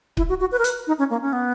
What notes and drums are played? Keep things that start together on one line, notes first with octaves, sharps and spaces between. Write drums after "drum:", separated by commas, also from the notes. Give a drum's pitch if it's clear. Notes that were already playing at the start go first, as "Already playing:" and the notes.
E4, drum: kick C#1
F#4
F#4
B4
A#4
B4, drum: hi-hat
D#4
C#4
A#3
C#4
B3